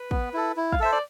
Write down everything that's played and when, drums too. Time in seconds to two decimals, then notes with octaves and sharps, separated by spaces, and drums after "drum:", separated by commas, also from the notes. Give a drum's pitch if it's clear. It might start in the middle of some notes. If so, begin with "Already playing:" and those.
Already playing: B4
0.11 B3, drum: kick
0.34 E4 A4
0.57 E4
0.72 F5, drum: kick
0.80 A4 C5 E5
0.93 D5